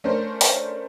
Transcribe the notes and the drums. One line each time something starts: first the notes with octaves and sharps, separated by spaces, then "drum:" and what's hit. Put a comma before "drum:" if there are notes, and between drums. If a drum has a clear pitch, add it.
A3 C#4 D4 A#4 C5
drum: open hi-hat